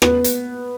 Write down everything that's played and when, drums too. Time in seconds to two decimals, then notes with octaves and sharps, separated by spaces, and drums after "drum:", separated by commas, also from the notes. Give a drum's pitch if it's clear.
0.02 B3, drum: rim click
0.24 drum: hi-hat